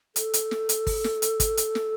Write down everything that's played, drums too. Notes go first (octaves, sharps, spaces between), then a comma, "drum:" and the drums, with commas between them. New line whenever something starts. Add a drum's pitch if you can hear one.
A4, drum: hi-hat
drum: hi-hat
drum: snare
drum: hi-hat
drum: kick, open hi-hat
drum: snare
drum: hi-hat
drum: kick, hi-hat
drum: hi-hat
drum: snare